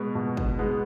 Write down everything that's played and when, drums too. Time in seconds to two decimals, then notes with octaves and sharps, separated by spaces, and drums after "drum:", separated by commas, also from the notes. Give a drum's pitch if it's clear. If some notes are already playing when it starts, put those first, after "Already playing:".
Already playing: B2 G#3 B3
0.15 B2
0.37 drum: kick
0.59 G#3 B3